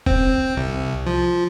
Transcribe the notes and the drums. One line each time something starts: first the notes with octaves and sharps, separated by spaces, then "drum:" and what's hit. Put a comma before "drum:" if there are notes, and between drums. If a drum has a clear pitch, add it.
C4, drum: kick E1
C2
F3